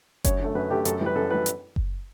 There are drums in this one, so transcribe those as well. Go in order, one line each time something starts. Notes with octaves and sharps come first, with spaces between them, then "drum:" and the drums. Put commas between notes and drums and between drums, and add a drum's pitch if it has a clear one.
F#2 C#5, drum: kick F#1, hi-hat
D3 A3
F#2 B4
D3 A3 G4
F#2 A4, drum: hi-hat
E3 G3
B4
F#2 A4
E3 G3 B4
drum: hi-hat
drum: kick F#1